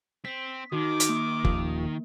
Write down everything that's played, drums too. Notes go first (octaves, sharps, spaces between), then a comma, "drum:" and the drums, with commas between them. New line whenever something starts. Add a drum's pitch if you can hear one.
C4 B6
D#3 D#4 F#4 D6
drum: hi-hat
A#3
D#1 D#2 F3, drum: kick F#1